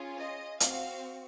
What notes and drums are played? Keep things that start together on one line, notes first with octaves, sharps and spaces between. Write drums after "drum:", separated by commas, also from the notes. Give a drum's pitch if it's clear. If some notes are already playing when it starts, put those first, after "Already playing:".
Already playing: C#4 F4 G#4
D#5
C4 F#4 F5, drum: hi-hat